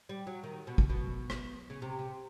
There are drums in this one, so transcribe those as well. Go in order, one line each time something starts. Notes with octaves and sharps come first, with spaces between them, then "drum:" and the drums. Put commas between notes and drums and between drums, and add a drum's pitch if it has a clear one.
G3
F#3
D#3
B2
drum: kick
B2
drum: rim click
C#3
C3
C3